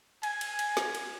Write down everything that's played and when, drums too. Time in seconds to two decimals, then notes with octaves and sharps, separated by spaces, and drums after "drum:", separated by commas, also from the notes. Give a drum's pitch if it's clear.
0.23 G#5, drum: cymbal
0.41 drum: cymbal
0.59 drum: cymbal
0.77 drum: snare
0.95 drum: cymbal